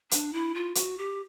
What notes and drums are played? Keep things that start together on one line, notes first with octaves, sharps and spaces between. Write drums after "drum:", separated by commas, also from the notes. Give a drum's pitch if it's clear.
D4, drum: hi-hat
E4
F4
F#4, drum: hi-hat
G4